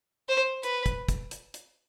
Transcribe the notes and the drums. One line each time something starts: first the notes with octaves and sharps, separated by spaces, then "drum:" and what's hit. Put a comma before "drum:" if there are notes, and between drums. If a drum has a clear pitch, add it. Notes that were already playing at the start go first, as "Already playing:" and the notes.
C5
B4, drum: hi-hat
drum: kick, hi-hat
drum: kick, hi-hat
drum: hi-hat
drum: hi-hat